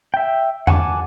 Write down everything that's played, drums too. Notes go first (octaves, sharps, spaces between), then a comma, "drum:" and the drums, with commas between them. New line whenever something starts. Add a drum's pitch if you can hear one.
E5 G5
F#5 G#5 A5 C#6 D6, drum: tom E2